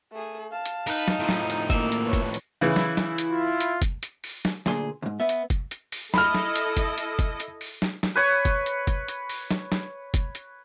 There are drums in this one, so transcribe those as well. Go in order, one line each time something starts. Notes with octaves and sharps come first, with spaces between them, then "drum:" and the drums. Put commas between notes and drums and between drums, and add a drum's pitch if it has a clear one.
A3 G#4
F5 A5
drum: hi-hat
D#4 A#4 B4, drum: open hi-hat
drum: snare
A2 F3
drum: snare
drum: hi-hat
A#3 E5, drum: kick, hi-hat
drum: hi-hat
B4 C#5
drum: kick, hi-hat
drum: hi-hat
C#3 E3 E4
drum: snare
drum: snare
drum: hi-hat
F4
drum: hi-hat
drum: kick, hi-hat
drum: hi-hat
drum: open hi-hat
drum: snare
D2 A#2 G#4 C6, drum: snare
D2 G#2
B3 E5
drum: hi-hat
drum: kick, hi-hat
drum: hi-hat
drum: open hi-hat
E4 A4 D#5 B5 F6, drum: snare
drum: snare
drum: hi-hat
drum: kick, hi-hat
drum: hi-hat
drum: kick, hi-hat
drum: hi-hat
drum: open hi-hat
drum: snare
drum: snare
B4 C#5 C#6
drum: kick, hi-hat
drum: hi-hat
drum: kick, hi-hat
drum: hi-hat
drum: open hi-hat
drum: snare
drum: snare
drum: kick, hi-hat
drum: hi-hat